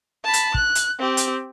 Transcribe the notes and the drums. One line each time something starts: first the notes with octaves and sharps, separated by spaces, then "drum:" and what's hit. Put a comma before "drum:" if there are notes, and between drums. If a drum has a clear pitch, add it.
A5 B5
drum: hi-hat
F#6, drum: kick
drum: hi-hat
C4 G4
drum: hi-hat